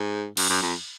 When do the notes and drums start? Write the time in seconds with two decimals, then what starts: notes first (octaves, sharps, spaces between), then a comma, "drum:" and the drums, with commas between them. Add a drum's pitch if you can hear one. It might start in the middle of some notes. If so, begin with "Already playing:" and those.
Already playing: G#2
0.37 F#2, drum: cymbal
0.50 F#2
0.62 F2